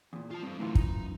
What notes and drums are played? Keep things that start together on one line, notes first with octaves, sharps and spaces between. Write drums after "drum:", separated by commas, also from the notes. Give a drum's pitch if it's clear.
E2 A#2
F4 A5
G2 F3 C4
F#2 A2 D3 E3 F4
D#4, drum: kick